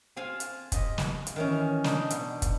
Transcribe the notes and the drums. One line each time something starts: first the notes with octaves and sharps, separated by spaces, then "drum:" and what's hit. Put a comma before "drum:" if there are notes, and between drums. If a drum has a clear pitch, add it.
C4 F4 F5 G#5
drum: hi-hat
G4 D#5, drum: kick, hi-hat
drum: snare
drum: hi-hat
D#3 E3 C#4
D4 D#4, drum: snare
B2, drum: hi-hat
drum: kick, hi-hat